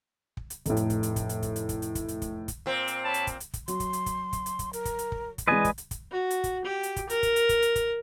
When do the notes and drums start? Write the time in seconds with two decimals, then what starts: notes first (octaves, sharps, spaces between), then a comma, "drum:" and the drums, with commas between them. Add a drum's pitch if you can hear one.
0.37 drum: kick
0.50 drum: hi-hat
0.66 F1 A2, drum: kick, hi-hat
0.77 drum: hi-hat
0.90 drum: kick, hi-hat
1.03 drum: hi-hat
1.16 drum: kick, hi-hat
1.29 drum: hi-hat
1.43 drum: kick, hi-hat
1.56 drum: hi-hat
1.69 drum: kick, hi-hat
1.82 drum: hi-hat
1.95 drum: kick, hi-hat
2.08 drum: hi-hat
2.22 drum: kick, hi-hat
2.48 drum: kick, hi-hat
2.66 A#2 C4
2.88 drum: hi-hat
3.05 C#5 A5 B5
3.14 drum: hi-hat
3.27 drum: kick, hi-hat
3.40 drum: hi-hat
3.54 drum: kick, hi-hat
3.68 F#3 C6, drum: hi-hat
3.80 drum: kick, hi-hat
3.93 drum: hi-hat
4.06 drum: kick, hi-hat
4.33 drum: kick, hi-hat
4.46 drum: hi-hat
4.59 drum: kick, hi-hat
4.73 A#4, drum: hi-hat
4.85 drum: kick, hi-hat
4.99 drum: hi-hat
5.12 drum: kick
5.38 drum: kick, hi-hat
5.48 E3 G#3 B4 D5 D#5 G#5
5.65 drum: kick, hi-hat
5.78 drum: hi-hat
5.91 drum: kick, hi-hat
6.11 F#4
6.30 drum: hi-hat
6.44 drum: kick, hi-hat
6.65 G4
6.83 drum: hi-hat
6.96 drum: kick, hi-hat
7.10 A#4, drum: hi-hat
7.23 drum: kick, hi-hat
7.36 drum: hi-hat
7.49 drum: kick, hi-hat
7.62 drum: hi-hat
7.76 drum: kick, hi-hat